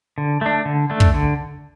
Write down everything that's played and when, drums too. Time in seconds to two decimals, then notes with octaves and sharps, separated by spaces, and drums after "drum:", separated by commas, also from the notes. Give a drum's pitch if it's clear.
0.18 D3
0.41 A3 D4
0.65 D3
0.90 A3 D4
1.00 drum: kick
1.14 D3